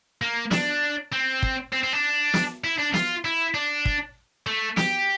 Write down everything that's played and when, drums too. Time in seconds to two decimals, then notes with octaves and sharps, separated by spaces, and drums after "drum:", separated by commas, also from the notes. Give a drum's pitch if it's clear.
0.22 A#3
0.51 D4, drum: snare
1.13 C4
1.43 drum: kick
1.72 C4
1.83 C4
1.93 D4
2.34 drum: snare
2.64 E4
2.79 D4
2.94 F4, drum: snare
3.25 E4
3.54 D4
3.85 drum: kick
4.47 A3
4.77 G4, drum: snare